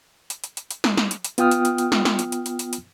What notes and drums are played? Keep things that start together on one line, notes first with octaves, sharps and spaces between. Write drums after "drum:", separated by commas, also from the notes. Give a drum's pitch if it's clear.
drum: hi-hat
drum: hi-hat
drum: hi-hat
drum: hi-hat
drum: snare
drum: snare
drum: hi-hat
drum: hi-hat
B3 F4 G5 D#6 F6, drum: hi-hat
drum: hi-hat
drum: hi-hat
drum: hi-hat
drum: snare
drum: snare
drum: hi-hat
drum: hi-hat
drum: hi-hat
drum: hi-hat
drum: hi-hat